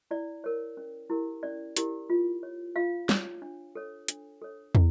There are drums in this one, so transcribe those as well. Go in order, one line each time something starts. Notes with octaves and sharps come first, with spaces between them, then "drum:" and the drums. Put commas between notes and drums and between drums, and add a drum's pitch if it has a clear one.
E4 D5
A#4 C#5
C#4
E4 G4 A#4
C#4 D5
E4 G4 A#4, drum: hi-hat
F4
C#5
F4 F5
C#5, drum: snare
D4
A4 C#5
D4, drum: hi-hat
A4 C#5
E4, drum: tom